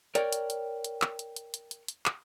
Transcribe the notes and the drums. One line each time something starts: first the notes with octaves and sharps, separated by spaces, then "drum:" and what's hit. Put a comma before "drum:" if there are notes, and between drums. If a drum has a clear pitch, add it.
A#4 C#5 D5 G5, drum: hi-hat
drum: hi-hat
drum: hi-hat
drum: hi-hat
drum: clap
drum: hi-hat
drum: hi-hat
drum: hi-hat
drum: hi-hat
drum: hi-hat
drum: clap